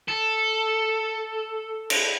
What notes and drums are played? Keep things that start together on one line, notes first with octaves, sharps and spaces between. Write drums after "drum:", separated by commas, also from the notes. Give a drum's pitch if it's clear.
A4
drum: cymbal